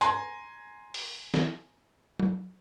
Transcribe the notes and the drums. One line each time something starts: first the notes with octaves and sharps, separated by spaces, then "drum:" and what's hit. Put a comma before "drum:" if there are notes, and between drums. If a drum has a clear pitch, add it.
G#5 A#5 C6, drum: tambourine
drum: open hi-hat
drum: snare
drum: tom F#3